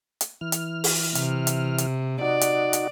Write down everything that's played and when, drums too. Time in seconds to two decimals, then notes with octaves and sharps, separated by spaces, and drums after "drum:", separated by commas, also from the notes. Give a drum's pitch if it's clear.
0.21 drum: hi-hat
0.41 E3 F6
0.52 drum: hi-hat
0.84 drum: open hi-hat
1.15 C3, drum: hi-hat
1.47 drum: hi-hat
1.78 drum: hi-hat
2.21 D#4 F#4 D5
2.41 drum: hi-hat
2.73 drum: hi-hat